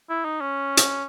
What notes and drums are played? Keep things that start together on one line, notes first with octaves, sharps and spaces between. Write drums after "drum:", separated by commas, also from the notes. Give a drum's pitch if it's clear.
E4
D#4
C#4
drum: hi-hat